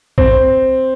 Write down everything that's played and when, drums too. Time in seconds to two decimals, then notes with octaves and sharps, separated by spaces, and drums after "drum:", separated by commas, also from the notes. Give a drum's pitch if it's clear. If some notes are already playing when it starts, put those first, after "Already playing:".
0.18 C4, drum: kick A#1